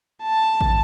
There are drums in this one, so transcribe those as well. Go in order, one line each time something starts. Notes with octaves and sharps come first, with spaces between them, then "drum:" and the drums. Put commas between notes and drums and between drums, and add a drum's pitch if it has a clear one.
A5
drum: kick G#1